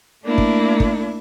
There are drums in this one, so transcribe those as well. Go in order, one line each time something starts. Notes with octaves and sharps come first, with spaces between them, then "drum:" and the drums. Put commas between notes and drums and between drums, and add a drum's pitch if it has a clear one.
A3 A#3 D4 E4
drum: kick
drum: kick